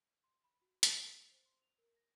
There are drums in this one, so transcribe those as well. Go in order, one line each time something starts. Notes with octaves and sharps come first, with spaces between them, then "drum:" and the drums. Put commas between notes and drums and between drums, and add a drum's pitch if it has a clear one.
C6
B5
F#4
A4, drum: hi-hat
A6
C7
C5
C6
F7
A#4
A#6